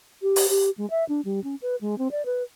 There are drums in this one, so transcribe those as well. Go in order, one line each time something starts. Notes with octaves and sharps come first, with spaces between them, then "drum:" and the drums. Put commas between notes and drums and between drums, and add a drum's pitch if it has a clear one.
G4
drum: open hi-hat
G4
G#3
E5
D4
G3
C#4
B4
G#3
C4
D5
B4